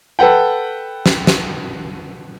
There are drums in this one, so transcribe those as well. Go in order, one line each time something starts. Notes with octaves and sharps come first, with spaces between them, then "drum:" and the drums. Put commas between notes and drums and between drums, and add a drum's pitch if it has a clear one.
A4 B4 F#5 G5
drum: snare
drum: snare